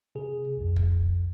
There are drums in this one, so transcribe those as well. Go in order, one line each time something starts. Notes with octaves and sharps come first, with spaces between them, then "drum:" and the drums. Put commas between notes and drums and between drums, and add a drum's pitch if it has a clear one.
C3 G#4
B1 F2
drum: kick